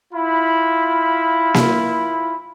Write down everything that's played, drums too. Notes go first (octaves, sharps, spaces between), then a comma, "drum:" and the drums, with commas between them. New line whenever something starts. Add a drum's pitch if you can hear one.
E4 F4 B5
drum: snare A#3